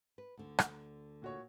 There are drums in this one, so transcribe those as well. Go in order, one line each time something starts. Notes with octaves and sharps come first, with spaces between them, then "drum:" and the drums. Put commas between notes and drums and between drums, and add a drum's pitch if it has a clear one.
B4
D2 D3
drum: rim click
A#2 F#4 C#5